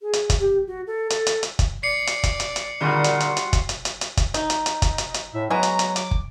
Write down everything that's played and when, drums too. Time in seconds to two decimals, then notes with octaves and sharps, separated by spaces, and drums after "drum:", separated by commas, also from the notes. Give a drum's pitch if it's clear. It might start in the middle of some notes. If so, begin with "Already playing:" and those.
0.02 G#4
0.13 drum: hi-hat
0.30 drum: kick, hi-hat
0.40 G4
0.67 F#4
0.87 A4
1.10 A4, drum: hi-hat
1.27 drum: hi-hat
1.43 drum: hi-hat
1.59 drum: kick, hi-hat
1.83 D5 C7 C#7
2.07 drum: hi-hat
2.23 drum: kick, hi-hat
2.40 drum: hi-hat
2.56 drum: hi-hat
2.81 A#2 D3 G3 F4 F#4 G#4
3.04 drum: hi-hat
3.20 drum: hi-hat
3.37 drum: hi-hat
3.53 drum: kick, hi-hat
3.69 drum: hi-hat
3.85 drum: hi-hat
4.01 drum: hi-hat
4.17 drum: kick, hi-hat
4.34 D#4, drum: hi-hat
4.50 drum: hi-hat
4.66 drum: hi-hat
4.82 drum: kick, hi-hat
4.98 drum: hi-hat
5.14 drum: hi-hat
5.34 A2 E5
5.50 F#3 G#3 B3 F#4 A#5
5.63 drum: hi-hat
5.79 drum: hi-hat
5.96 D6, drum: hi-hat
6.11 drum: kick